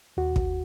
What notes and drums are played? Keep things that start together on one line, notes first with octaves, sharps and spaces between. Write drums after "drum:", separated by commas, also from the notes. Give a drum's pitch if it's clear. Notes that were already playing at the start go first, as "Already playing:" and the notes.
D#2 F#4
drum: kick